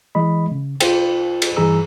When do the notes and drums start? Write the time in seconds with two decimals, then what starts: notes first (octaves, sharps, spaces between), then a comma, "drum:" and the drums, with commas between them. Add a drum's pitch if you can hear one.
0.15 E3 G#3 D#5 B5
0.52 C#3
0.80 C2 F4 C5 G5, drum: cymbal
1.42 drum: cymbal
1.57 G2 E3 G#4 A#5 E6